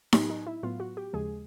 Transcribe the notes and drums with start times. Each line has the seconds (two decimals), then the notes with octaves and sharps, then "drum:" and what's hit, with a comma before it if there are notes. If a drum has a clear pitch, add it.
0.13 A2 F#3 B3 G4, drum: snare D#4
0.30 D#4
0.47 E4
0.63 A2 F#3 B3 F4
0.80 F#4
0.97 G4
1.13 D#2 C#3 F3 G#3 G#4